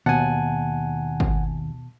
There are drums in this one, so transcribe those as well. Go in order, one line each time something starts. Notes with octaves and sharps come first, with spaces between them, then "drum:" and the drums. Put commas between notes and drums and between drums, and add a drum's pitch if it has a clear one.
D#2 B2 F#5 G#5 A5
drum: kick G#1